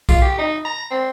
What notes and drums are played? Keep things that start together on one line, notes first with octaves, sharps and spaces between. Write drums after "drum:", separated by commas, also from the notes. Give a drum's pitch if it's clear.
F4, drum: kick, tambourine
G4
D#4
A#5
C4